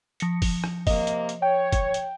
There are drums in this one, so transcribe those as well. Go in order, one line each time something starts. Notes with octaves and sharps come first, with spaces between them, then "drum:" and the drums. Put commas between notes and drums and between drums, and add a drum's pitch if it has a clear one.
F3 A#6 C#7, drum: hi-hat
drum: kick, open hi-hat
drum: rim click
C3 A#3 D#5, drum: kick, open hi-hat
drum: hi-hat
drum: hi-hat
C#5 G5
drum: kick, hi-hat
drum: hi-hat